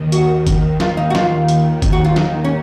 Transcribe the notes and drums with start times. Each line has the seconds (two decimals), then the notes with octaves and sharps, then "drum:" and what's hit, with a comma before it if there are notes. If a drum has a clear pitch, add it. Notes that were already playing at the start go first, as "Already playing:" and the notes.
Already playing: D#2 D#3
0.12 F#4, drum: hi-hat
0.47 D#2 D#3, drum: kick, hi-hat
0.80 D#2 D#3 F4, drum: snare
0.97 D#4
1.10 F#4
1.15 F4, drum: snare
1.48 drum: hi-hat
1.82 D#2 D#3, drum: kick, hi-hat
1.92 F#4
2.05 F4
2.16 D#2 D#3 D#4, drum: snare
2.45 C#4